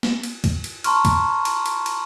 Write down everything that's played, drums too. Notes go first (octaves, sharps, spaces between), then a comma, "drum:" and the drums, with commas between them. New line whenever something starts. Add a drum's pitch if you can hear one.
drum: snare
drum: cymbal
drum: kick, cymbal
drum: cymbal
A5 A#5 C6 C#6 F6, drum: cymbal
drum: kick, cymbal
drum: cymbal
drum: cymbal
drum: cymbal